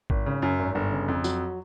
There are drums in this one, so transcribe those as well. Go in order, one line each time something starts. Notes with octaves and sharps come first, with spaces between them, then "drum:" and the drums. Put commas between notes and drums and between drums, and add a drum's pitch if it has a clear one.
G#1, drum: kick A1
C#3
F#2
G#1
G1
C#3
F2
F#3, drum: tambourine